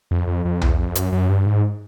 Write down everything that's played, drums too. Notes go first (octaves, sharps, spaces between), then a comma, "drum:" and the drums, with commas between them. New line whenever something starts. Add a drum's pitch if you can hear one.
F2
F2
F2
E2, drum: tom B1
F2
F#2, drum: hi-hat
F#2
G2
G#2